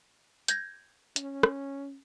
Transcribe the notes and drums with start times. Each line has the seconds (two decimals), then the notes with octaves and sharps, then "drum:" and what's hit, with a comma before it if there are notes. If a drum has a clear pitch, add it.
0.48 G6 G#6 A#6, drum: hi-hat
1.16 C#4, drum: hi-hat
1.43 drum: rim click